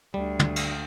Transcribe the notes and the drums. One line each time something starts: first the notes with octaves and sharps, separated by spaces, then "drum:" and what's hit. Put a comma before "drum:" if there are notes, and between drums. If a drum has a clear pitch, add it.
D2 G3
drum: tom
drum: cymbal